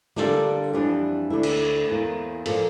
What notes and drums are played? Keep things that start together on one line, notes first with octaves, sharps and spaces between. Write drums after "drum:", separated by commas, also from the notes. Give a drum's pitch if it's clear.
D3 G3 A#3 F4 A4, drum: snare
F2 E3 G3 D4
D2 D3 A3 E4
drum: cymbal
E2 E3 A#3
A#2 F3 A#3 F4 A4, drum: cymbal